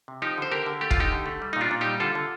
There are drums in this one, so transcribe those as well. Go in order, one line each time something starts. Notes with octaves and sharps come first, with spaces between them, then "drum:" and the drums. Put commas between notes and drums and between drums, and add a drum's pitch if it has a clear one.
C3
F3 D#4 G4
D3 C5
D3 G4 A#4
D3
A3 G4
F4, drum: kick
D3 D#4 G4
D3
A3
G3
D#4
A#2
D4 F4
A#2
G3 D#4 G4
D3 F4 A4
D3